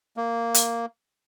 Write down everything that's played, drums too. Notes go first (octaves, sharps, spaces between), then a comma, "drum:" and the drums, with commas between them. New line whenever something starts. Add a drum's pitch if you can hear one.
A#3
drum: hi-hat